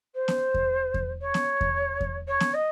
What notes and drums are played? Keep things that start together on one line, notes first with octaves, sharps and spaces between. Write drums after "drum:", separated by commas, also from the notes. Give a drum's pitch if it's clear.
C5
drum: snare B3
drum: kick E2
drum: kick E2
C#5
drum: snare B3
drum: kick E2
drum: kick E2
C#5
drum: snare B3
D#5